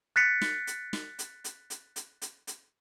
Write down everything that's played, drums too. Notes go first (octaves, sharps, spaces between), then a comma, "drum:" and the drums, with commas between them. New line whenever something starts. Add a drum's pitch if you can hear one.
F#6 A6 B6 C#7
drum: snare
drum: hi-hat
drum: snare
drum: hi-hat
drum: hi-hat
drum: hi-hat
drum: hi-hat
drum: hi-hat
drum: hi-hat